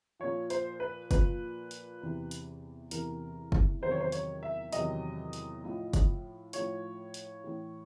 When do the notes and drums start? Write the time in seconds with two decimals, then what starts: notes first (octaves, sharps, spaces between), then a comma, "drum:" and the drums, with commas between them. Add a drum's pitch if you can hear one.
0.20 A#2 F3 C#5
0.50 C5, drum: hi-hat
0.80 B4
1.11 A#2 F3 B4, drum: kick F#1, hi-hat
1.71 drum: hi-hat
2.02 E2 C3 E3
2.31 drum: hi-hat
2.91 E2 C3 E3 A#4, drum: hi-hat
3.52 drum: kick F#1
3.82 E2 C3 D#3 F#3 C5
3.91 C#5
4.00 C5
4.12 C#5, drum: hi-hat
4.43 E5
4.72 E2 C3 D#3 F#3 D#5, drum: hi-hat
5.33 drum: hi-hat
5.64 A2 F3
5.93 drum: kick F#1, hi-hat
6.53 A2 F3 C#5, drum: hi-hat
7.14 drum: hi-hat
7.44 A2 E3